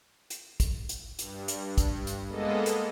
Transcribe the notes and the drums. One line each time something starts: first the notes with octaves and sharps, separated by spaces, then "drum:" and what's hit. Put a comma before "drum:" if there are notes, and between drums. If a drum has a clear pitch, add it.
drum: hi-hat
drum: kick, hi-hat
drum: hi-hat
G2, drum: hi-hat
drum: hi-hat
drum: kick, hi-hat
drum: hi-hat
G#3 A#3 B3 A4 D#5
drum: hi-hat